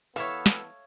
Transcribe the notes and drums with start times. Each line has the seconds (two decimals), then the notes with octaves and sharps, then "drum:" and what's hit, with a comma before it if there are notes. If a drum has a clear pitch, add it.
0.16 E3 B3 A4 C#5 E5 F5
0.46 drum: snare